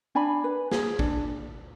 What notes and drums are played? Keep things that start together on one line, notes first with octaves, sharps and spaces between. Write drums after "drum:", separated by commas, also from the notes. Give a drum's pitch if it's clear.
D4 G#5 B5
B4
G#4, drum: snare
D4, drum: kick A1